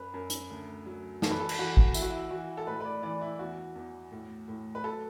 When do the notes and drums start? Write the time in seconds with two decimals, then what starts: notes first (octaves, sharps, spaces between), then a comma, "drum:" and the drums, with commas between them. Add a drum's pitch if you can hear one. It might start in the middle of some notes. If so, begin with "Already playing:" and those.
Already playing: F#2 B4
0.14 F#2
0.30 drum: hi-hat
0.50 D2
0.86 F#3
1.22 E3 A4, drum: snare
1.31 B4
1.40 A4
1.49 drum: cymbal
1.59 E3 F#4
1.77 drum: kick G#1
1.94 E3 E4, drum: tambourine
2.02 F#4
2.10 E4
2.30 E3 F#4
2.57 A4
2.67 A2 B4
2.80 B4
2.85 D5
3.03 E3 D5
3.21 E4
3.39 E2 F#4
3.75 E2
4.12 A2
4.48 A2
4.75 B4
4.84 F#3 A4